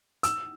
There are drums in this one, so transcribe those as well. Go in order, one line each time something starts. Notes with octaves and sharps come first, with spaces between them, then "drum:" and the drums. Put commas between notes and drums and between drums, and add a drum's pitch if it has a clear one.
E6, drum: hi-hat